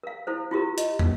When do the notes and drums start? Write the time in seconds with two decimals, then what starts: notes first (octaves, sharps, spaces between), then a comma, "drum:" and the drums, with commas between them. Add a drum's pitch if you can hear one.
0.03 A#4 F5
0.27 E4 A4 C5
0.51 E4 F4 G4 A#4
0.78 D#5, drum: hi-hat
0.99 drum: tom